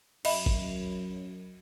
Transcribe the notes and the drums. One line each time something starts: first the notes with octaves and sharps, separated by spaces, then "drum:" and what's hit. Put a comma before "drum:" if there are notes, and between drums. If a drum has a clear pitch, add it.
F#2 D#5 E5 B5, drum: cymbal
drum: kick